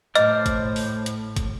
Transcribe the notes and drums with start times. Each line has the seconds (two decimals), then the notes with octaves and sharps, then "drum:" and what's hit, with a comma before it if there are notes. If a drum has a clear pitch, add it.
0.15 A2 C5 D#5 D6 F6, drum: hi-hat
0.46 drum: kick, hi-hat
0.76 drum: open hi-hat
1.06 drum: hi-hat
1.36 drum: kick, hi-hat